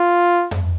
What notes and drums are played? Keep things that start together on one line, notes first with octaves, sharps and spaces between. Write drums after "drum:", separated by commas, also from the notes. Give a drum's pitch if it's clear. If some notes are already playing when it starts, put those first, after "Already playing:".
Already playing: F4
drum: tom F2